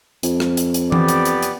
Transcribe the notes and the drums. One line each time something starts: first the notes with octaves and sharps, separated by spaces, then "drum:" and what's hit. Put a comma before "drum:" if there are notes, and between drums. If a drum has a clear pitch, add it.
F2, drum: hi-hat
drum: rim click
drum: hi-hat
drum: hi-hat
B3 G4 D5, drum: tom E3
drum: hi-hat
drum: hi-hat
drum: hi-hat